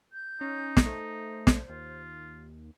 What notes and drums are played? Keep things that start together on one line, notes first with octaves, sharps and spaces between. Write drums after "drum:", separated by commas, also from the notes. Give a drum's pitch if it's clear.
G6
C#4 D#4
drum: snare
A3 C5
drum: snare
D#2 F4